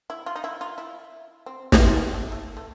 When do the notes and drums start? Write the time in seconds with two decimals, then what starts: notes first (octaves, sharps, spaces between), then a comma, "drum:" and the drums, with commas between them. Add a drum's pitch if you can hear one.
0.10 E4
0.26 F4
0.36 D#4
0.44 E4
0.61 F4
0.78 E4
1.46 C4
1.72 B3, drum: snare
1.80 C4
1.98 A#3
2.14 A3
2.32 A3
2.57 A3